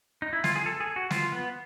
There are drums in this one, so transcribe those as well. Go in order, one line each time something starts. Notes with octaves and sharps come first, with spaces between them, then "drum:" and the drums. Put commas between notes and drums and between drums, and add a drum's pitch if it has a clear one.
D#4
E4
F4, drum: snare
G#4
A4
G#4
F#4
F4, drum: snare
B3